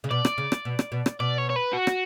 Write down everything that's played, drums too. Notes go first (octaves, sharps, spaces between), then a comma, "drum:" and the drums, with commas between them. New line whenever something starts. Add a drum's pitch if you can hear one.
C#3
B2 D5
drum: rim click
C#3
drum: rim click
B2
drum: rim click
B2
drum: rim click
B2 D5
C#5
C#5
B4
F#4
drum: rim click